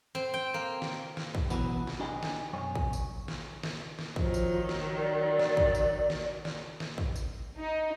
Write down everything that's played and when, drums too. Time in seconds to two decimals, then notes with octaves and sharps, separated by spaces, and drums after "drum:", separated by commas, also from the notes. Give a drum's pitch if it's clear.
0.15 C4
0.34 G5
0.54 A#3
0.82 drum: snare
1.17 drum: snare
1.35 drum: kick
1.50 B2 E3 F#3 B3, drum: tambourine
1.87 drum: snare
2.00 D4 D#4 G4 D#5 G#5
2.23 drum: snare
2.53 B1 F#2 C#5 G#5
2.75 drum: kick
2.93 drum: tambourine
3.28 drum: snare
3.63 drum: snare
3.99 drum: snare
4.16 D#3 F3 F#3, drum: kick
4.34 drum: tambourine
4.69 drum: snare
4.98 D5
5.39 drum: snare
5.57 drum: kick
5.75 drum: tambourine
6.10 drum: snare
6.45 drum: snare
6.80 drum: snare
6.98 drum: kick
7.15 drum: tambourine
7.57 D#4